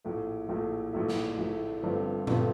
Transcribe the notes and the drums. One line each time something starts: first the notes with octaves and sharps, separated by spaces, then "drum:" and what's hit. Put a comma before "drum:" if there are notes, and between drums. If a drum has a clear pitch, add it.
A#1 A2 A3
A#1 A2 A3
A#1 A2 A3
drum: snare
A#1 A2 A3
G1 G2 F3 A3 C4
G1 G2 F3 A3 C4, drum: tom A#2